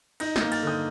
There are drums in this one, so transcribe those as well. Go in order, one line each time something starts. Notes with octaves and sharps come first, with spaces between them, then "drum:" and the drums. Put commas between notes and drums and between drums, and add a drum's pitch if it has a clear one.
D#4 G6 A#6, drum: cymbal
G6 A#6, drum: snare
A#3
F6 A6, drum: cymbal
D3 D#6 G6